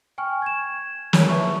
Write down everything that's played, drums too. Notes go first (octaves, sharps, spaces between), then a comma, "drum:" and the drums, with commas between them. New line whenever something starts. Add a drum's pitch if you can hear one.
G5 G#5 C#6 F6
G#6 E7
G#4 C#5 A5, drum: snare
B4 E5 C#6